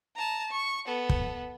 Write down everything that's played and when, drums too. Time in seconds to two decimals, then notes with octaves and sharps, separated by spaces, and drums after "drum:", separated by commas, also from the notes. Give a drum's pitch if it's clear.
0.16 A5 A#5
0.51 C#6
0.86 B3 A4
1.09 drum: kick